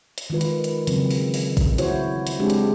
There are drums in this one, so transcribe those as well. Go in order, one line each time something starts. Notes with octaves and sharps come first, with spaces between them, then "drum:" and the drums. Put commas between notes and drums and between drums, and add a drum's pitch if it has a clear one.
drum: hi-hat
D#3 G#3 F4 B4
drum: hi-hat
drum: hi-hat
C#3 E3 F#3 C4, drum: hi-hat
drum: open hi-hat
drum: open hi-hat
drum: kick A1, hi-hat
A3 E4 F#4 C5 C#5, drum: hi-hat
drum: hi-hat
G#3 C4 D4 G4 G#4
drum: hi-hat